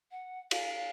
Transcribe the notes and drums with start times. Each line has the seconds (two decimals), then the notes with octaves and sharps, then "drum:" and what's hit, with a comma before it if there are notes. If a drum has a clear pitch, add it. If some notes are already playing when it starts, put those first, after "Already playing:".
0.11 F#5
0.51 F5, drum: cymbal